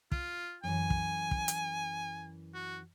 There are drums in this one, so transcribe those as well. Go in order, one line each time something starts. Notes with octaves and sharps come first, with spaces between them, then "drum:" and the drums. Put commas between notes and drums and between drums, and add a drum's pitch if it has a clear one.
F4, drum: kick
F#2 E3 G#5
drum: kick
drum: kick
drum: hi-hat
F#4